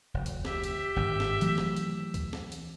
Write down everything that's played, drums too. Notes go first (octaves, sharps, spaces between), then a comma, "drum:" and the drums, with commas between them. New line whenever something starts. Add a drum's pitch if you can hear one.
F1 D2
drum: hi-hat
G4 E5, drum: snare
drum: hi-hat
G#1 G2 A#2
drum: snare
E3 F#3 A3, drum: hi-hat
drum: snare
drum: hi-hat
drum: kick C#2, hi-hat
drum: snare
drum: hi-hat